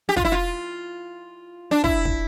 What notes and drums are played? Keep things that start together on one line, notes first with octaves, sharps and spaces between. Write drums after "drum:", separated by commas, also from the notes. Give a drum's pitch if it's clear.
G4
F4, drum: kick
E4
F4
D4
E4, drum: kick
drum: kick